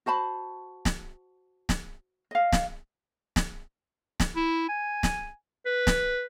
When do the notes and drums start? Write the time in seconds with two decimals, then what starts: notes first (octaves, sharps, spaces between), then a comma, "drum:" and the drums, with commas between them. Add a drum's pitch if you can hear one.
0.06 F#4 C5 A5 B5
0.85 drum: snare
1.69 drum: snare
2.31 D#5 F5
2.52 drum: snare
3.36 drum: snare
4.20 drum: snare
4.36 E4
4.69 G#5
5.03 drum: snare
5.66 B4
5.87 drum: snare